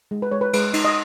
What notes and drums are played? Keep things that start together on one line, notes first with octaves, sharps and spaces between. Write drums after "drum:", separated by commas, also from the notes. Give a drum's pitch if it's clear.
G#3
B4
G#3 C#5
B4
G#3 B4, drum: cymbal
D#4, drum: cymbal
D#5